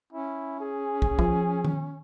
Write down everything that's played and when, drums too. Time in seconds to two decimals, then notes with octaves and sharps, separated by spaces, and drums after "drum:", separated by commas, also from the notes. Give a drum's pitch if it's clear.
0.13 C#4 E4
0.60 G#4
1.02 drum: kick
1.19 F3, drum: kick
1.65 drum: tom D#3